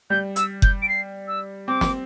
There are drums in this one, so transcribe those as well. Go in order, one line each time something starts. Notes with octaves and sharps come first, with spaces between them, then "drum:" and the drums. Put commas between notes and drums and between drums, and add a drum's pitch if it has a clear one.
G3 G6
E6, drum: hi-hat
G6, drum: kick F#1
D7
C7
E6
C4 D6
drum: snare